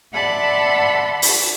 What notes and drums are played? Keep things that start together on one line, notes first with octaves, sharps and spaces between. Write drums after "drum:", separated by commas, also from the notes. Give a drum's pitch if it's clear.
D5 E5 F#5 A5 B5 C6
drum: open hi-hat